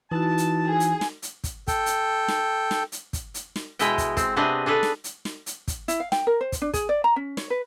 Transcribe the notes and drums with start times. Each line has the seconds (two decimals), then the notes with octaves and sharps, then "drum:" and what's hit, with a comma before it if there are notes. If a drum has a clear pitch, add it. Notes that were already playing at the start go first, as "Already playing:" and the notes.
0.12 E3 D#4 E4 F#4 A5
0.38 drum: hi-hat
0.66 G#4
0.80 drum: hi-hat
1.01 drum: snare
1.22 drum: hi-hat
1.44 drum: kick, hi-hat
1.68 A4 G5, drum: kick, hi-hat
1.86 drum: hi-hat
2.28 drum: snare
2.71 drum: snare
2.92 drum: hi-hat
3.13 drum: kick, hi-hat
3.34 drum: hi-hat
3.56 drum: snare
3.79 B2 G#3 E4 D#5 G5, drum: hi-hat
3.98 drum: kick, hi-hat
4.17 C4, drum: kick, hi-hat
4.36 C3 B3 C4 D4 G#4 D#5
4.66 D4 G#4 A4 B4
4.83 drum: snare
5.04 drum: hi-hat
5.25 drum: snare
5.46 drum: hi-hat
5.68 drum: kick, hi-hat
5.88 E4, drum: hi-hat
6.00 F5
6.12 G5, drum: snare
6.27 A#4
6.41 C5
6.52 drum: kick, hi-hat
6.62 D4
6.74 G#4, drum: kick, hi-hat
6.89 D5
7.04 A#5
7.16 C#4
7.37 C#5, drum: snare
7.50 B4